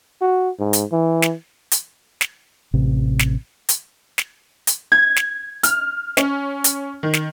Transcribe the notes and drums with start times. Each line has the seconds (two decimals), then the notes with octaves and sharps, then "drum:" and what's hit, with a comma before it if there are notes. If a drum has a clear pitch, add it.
0.22 F#4
0.59 G#2
0.73 drum: hi-hat
0.92 E3
1.22 drum: snare
1.72 drum: hi-hat
2.21 drum: snare
2.74 A1 C3
3.19 drum: snare
3.69 drum: hi-hat
4.18 drum: snare
4.67 drum: hi-hat
4.92 G#6
5.16 drum: snare
5.63 F6, drum: hi-hat
6.17 C#4, drum: snare
6.64 drum: hi-hat
7.03 D#3
7.13 drum: snare